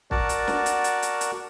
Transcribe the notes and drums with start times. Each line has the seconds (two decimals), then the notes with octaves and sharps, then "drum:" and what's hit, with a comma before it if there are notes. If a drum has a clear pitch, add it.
0.11 F#4 A#4 D5 F#5 A5, drum: kick
0.29 drum: hi-hat
0.48 drum: snare
0.66 drum: hi-hat
0.84 drum: hi-hat
1.02 drum: hi-hat
1.21 drum: hi-hat